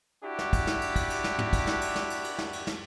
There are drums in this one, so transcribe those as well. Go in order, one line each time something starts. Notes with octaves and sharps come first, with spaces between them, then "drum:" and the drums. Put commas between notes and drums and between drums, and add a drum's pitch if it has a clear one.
D4 E4 F#4 G4
drum: snare
drum: kick, cymbal
drum: snare
drum: cymbal
drum: kick, cymbal
drum: cymbal
drum: snare
drum: tom
drum: kick, cymbal
drum: snare
drum: cymbal
drum: snare
drum: cymbal
drum: cymbal
drum: snare
drum: cymbal
drum: snare